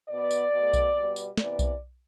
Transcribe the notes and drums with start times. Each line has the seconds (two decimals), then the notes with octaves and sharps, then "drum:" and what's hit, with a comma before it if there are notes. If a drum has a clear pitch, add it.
0.10 B2 B3 D5
0.31 drum: tambourine
0.52 B2 A3
0.73 drum: kick B1, tambourine
0.95 B2 G3 B3
1.16 drum: tambourine
1.37 C3 E3 B3 D5, drum: snare
1.59 drum: kick B1, tambourine